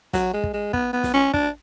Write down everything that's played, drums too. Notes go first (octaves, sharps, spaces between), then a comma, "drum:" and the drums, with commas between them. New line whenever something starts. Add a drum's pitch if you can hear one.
F#3, drum: snare
G#3
drum: kick
G#3
B3, drum: kick
B3
drum: snare
C#4
D4, drum: kick